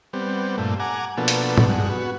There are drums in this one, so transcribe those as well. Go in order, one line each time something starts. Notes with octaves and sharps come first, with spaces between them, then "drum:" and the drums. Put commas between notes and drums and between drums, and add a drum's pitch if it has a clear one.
G3 B3 C4
G2 A#2 A3
F#5 G#5 A#5 D6
B2 F3 A#3 B3 D4 A4
drum: hi-hat
drum: tom
G2 G#3 F#5
B3 F#4